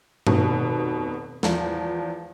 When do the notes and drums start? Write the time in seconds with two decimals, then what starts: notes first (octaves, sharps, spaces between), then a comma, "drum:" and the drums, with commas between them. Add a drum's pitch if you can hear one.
0.27 F1 B2 D#3, drum: tom G2
1.43 E2 F3, drum: snare